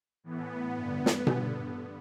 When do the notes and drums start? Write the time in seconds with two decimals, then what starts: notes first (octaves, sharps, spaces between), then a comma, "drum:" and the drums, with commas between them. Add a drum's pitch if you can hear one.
0.24 A2 E3 B3
0.75 G2 D3
1.06 drum: snare
1.27 G2 D3, drum: tom B2